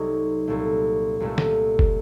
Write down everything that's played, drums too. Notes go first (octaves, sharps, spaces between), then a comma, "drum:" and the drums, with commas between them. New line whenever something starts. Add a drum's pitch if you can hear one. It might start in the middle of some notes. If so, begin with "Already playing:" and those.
Already playing: C2 C3 F#3 A3 D#4
C2 A#2 A3
C2 A#2 A3
drum: snare
drum: kick